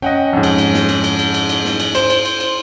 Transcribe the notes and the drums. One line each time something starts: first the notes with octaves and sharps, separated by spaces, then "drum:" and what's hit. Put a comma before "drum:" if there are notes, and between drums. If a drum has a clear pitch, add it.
C#4 D#5 F#5 G5
F2 G#2
drum: cymbal
drum: cymbal
drum: snare
drum: cymbal
drum: cymbal
drum: cymbal
drum: cymbal
drum: cymbal
drum: snare
drum: cymbal
C5, drum: cymbal
drum: cymbal
drum: cymbal
drum: cymbal